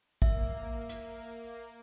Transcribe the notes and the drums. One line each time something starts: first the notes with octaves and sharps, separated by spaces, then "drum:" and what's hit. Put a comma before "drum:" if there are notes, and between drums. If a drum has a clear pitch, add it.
A#3 E5, drum: kick
drum: hi-hat